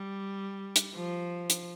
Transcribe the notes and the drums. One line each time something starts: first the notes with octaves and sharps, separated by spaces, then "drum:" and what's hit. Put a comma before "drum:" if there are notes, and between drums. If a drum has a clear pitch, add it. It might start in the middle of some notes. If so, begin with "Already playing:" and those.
Already playing: G3
drum: hi-hat
F3
drum: hi-hat